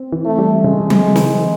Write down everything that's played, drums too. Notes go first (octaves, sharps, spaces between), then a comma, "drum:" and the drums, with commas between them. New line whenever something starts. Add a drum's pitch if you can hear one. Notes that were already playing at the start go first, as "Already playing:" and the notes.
Already playing: C4
E3
A3
G3
C#3 G#3
C4, drum: tom F#3
E3, drum: snare